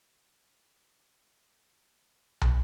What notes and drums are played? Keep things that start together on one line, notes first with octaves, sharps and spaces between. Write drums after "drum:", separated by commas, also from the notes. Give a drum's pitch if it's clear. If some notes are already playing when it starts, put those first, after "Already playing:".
D2 D#3
drum: tom